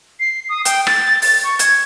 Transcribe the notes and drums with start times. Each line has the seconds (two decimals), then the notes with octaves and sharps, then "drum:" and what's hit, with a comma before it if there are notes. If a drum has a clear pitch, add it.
0.20 C7
0.49 D#6
0.65 G5, drum: hi-hat
0.87 A6, drum: rim click
1.22 A6, drum: open hi-hat
1.44 C#6
1.59 G#6, drum: hi-hat